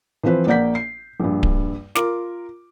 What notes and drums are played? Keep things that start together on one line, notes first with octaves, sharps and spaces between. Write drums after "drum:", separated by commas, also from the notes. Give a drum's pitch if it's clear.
E3 F3 C4 B4 C5
A#1 A#3 D5 F#5 G6 B6
C7
A#1 G2
drum: kick D1
F4 A#4 D6, drum: snare